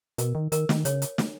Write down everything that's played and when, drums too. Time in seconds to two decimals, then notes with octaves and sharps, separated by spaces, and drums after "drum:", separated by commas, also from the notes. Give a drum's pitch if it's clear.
0.18 B2 A#4, drum: hi-hat
0.35 D#3
0.52 D#3 A#4, drum: hi-hat
0.69 D#3, drum: snare
0.85 C#3 C#5, drum: hi-hat
1.02 drum: hi-hat
1.18 drum: snare